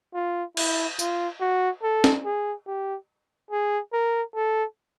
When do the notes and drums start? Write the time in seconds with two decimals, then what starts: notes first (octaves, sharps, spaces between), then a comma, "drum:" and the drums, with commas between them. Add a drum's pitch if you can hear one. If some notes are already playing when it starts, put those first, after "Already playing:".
0.14 F4
0.57 E4, drum: cymbal
0.99 F4, drum: tambourine
1.41 F#4
1.83 A4
2.04 drum: snare
2.25 G#4
2.67 G4
3.51 G#4
3.93 A#4
4.35 A4